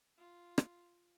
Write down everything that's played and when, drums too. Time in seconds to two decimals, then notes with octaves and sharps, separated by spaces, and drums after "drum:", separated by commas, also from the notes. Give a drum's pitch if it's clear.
0.18 F4
0.58 drum: rim click